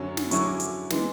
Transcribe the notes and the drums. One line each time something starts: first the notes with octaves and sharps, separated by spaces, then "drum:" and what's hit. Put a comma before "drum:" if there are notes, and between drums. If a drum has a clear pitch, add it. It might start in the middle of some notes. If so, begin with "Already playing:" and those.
Already playing: F#2 D3 F#3 C#4
drum: snare
D3 F#3 C#4 E4 C#6, drum: hi-hat
D6
drum: hi-hat
E3 G#3, drum: snare